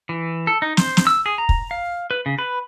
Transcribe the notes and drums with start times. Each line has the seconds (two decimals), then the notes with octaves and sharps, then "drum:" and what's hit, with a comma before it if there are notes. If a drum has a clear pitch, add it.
0.09 E3
0.47 A4
0.62 D#4
0.77 C5, drum: snare
0.97 drum: snare
1.07 E6
1.26 G#4
1.38 A#5
1.49 drum: kick
1.71 F5
2.11 B4
2.26 C#3
2.39 B4